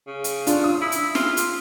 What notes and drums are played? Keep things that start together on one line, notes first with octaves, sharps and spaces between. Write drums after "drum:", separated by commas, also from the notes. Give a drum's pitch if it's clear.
C#3
drum: hi-hat
D4 F4, drum: hi-hat
D#6
E4
drum: hi-hat
F4, drum: snare
drum: hi-hat